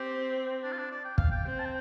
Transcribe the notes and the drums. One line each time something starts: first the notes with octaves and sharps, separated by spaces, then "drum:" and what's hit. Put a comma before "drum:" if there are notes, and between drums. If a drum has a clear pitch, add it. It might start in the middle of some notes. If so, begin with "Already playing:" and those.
Already playing: C4 G4
D4
F4
D4
D5
G5
F5, drum: kick
G5
C4 G5
A5
G5